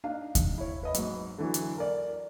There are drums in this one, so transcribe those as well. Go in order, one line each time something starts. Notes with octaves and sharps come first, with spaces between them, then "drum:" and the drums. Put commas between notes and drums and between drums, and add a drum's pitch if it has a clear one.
D4 D#4 F5
drum: kick D#2, hi-hat
E4 C#5
B4 D#5 B5
G#2 F#3, drum: hi-hat
D3 E3 F#3
drum: hi-hat
A#4 D5